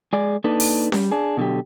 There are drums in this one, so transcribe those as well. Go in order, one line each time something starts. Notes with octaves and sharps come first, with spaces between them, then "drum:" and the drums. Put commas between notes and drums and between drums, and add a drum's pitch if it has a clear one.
G#3 G#4 D5
A#3 D4 D#4 A4 B4
drum: open hi-hat
G3, drum: snare C#4
D4 G#4
B2 D3 F#3 G4